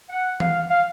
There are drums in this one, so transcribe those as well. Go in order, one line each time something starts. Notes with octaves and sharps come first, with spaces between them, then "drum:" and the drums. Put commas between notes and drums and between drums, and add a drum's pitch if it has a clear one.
F#5
F5, drum: tom E3
F5